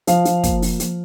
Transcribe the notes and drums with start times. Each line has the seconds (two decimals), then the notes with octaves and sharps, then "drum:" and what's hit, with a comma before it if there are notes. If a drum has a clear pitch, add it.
0.07 F3 F5, drum: hi-hat
0.25 F3, drum: hi-hat
0.44 A#3, drum: kick, hi-hat
0.62 F3, drum: open hi-hat
0.80 F3, drum: hi-hat